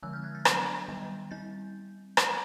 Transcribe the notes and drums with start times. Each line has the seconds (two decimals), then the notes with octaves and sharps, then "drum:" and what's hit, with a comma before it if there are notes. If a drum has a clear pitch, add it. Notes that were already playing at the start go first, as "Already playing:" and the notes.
0.03 D3 F3 G#3 C4 E6 F#6
0.13 F6 G6
0.24 F#6 G#6
0.35 G6 A6
0.45 F#3 B3 D4 G6 A6, drum: rim click
0.88 D#3 G3 B3
1.31 G3 C4 G6 A6
2.17 drum: rim click